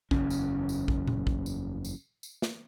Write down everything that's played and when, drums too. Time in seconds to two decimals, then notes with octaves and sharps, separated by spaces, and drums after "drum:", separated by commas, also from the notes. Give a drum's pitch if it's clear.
0.11 F#1 E2 C#3 C#4, drum: kick A#1
0.30 drum: tambourine
0.69 drum: tambourine
0.88 drum: kick A#1
1.07 drum: tom A#2
1.27 drum: kick A#1
1.46 drum: tambourine
1.85 drum: tambourine
2.23 drum: tambourine
2.42 drum: snare